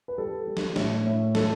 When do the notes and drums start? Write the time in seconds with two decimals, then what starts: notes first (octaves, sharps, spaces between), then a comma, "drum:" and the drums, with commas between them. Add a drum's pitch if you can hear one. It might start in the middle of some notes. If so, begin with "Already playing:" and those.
0.08 B4
0.18 G3 A4
0.47 G3
0.57 drum: snare
0.76 A2, drum: snare
1.06 A2
1.35 A4, drum: snare